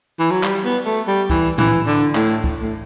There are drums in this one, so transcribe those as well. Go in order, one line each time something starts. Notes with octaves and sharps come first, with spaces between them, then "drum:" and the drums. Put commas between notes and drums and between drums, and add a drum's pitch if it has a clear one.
E3
F#3
G3, drum: clap
B3
A3
G3
E3, drum: kick C2
E3, drum: tom A2
D3
A2, drum: clap
drum: kick C2
A2